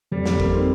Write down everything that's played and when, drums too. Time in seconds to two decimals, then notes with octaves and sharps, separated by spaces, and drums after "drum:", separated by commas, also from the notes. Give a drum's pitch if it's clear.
0.11 F2 G3
0.26 F2 G3, drum: snare
0.40 A#3, drum: kick
0.49 D#4
0.54 C4